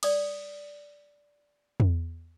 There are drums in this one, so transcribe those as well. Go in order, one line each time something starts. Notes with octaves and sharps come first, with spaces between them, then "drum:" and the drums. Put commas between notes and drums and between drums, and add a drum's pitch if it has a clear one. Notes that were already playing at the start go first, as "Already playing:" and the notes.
D5 D#6, drum: cymbal
drum: tom E2